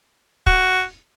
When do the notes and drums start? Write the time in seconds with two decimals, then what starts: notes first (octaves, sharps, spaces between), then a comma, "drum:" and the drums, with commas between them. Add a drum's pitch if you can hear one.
0.46 F#4, drum: kick